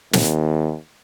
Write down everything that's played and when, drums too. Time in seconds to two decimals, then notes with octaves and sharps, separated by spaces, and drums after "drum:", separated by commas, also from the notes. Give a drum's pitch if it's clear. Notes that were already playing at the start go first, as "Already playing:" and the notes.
0.13 D#2, drum: snare